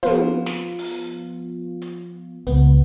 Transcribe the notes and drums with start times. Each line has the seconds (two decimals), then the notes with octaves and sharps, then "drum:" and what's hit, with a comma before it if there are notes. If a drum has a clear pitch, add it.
0.03 F3 B3 F4, drum: tom
0.46 drum: snare
0.79 drum: open hi-hat
1.82 drum: hi-hat
2.47 C#2 B3